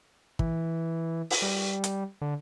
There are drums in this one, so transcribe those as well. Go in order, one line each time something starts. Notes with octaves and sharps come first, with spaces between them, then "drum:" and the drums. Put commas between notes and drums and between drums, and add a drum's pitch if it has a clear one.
E3, drum: kick
drum: open hi-hat
G3
drum: hi-hat
D3